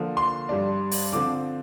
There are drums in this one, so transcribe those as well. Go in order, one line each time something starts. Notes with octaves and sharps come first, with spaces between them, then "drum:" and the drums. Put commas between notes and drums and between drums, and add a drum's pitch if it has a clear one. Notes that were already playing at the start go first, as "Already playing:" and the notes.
Already playing: D3 F3 A#3
C6
G2 G3 D4
drum: open hi-hat
D3 F3 C4 D6